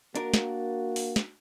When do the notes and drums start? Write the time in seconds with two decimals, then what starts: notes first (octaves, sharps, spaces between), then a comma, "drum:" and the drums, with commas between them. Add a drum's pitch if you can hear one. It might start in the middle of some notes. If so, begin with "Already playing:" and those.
0.16 A#3 D4 F#4 A#4, drum: hi-hat
0.34 drum: snare
0.96 drum: open hi-hat
1.16 drum: snare